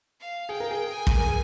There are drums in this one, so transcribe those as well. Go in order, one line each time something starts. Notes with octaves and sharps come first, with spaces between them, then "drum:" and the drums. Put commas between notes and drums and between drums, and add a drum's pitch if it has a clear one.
F5
G#4 G5
A#4
G#4
G#5
drum: kick
A#4
G#4